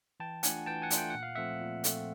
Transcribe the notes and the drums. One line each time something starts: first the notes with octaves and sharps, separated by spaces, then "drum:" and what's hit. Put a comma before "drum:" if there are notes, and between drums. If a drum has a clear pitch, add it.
E3 G5 A5
A3 D4 F4 F#5 G#5, drum: hi-hat
E3 G5 A5
F#5 G#5
A3 D4 F4, drum: hi-hat
G5
A#2 F#5
F5
F3 A3 C4 E5 F#5
A#2
F3 A3 C4, drum: hi-hat